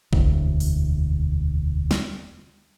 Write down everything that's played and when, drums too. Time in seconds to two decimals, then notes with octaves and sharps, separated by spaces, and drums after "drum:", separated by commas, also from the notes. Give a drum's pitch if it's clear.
0.13 E1 D2, drum: kick A#1
0.60 drum: open hi-hat
1.91 drum: snare